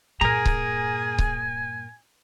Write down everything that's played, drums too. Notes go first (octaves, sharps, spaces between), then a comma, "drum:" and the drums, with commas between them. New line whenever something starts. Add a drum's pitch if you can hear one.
G2 A#2 G#4 A#4 G#5 A#5
drum: kick C#1
drum: kick C#1